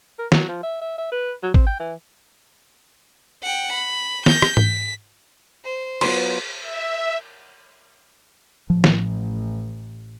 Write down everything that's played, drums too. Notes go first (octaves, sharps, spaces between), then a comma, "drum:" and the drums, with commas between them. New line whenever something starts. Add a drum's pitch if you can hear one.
A#4
F#3, drum: snare
F3
E5
E5
E5
B4
F#3
C4, drum: kick
G5
E3
F#5 G5
B5
G6 A#6, drum: snare
drum: rim click
B6, drum: tom G#2
C5
F#3 B3 F4 B4 C6, drum: cymbal
E5
A1 F3
drum: snare